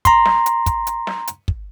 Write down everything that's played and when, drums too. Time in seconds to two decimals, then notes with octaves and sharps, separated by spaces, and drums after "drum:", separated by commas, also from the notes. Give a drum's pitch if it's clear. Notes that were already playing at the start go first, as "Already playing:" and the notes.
0.05 A#5 C6, drum: kick, hi-hat
0.26 drum: snare
0.46 drum: hi-hat
0.66 drum: kick, hi-hat
0.87 drum: hi-hat
1.07 drum: snare
1.27 drum: hi-hat
1.48 drum: kick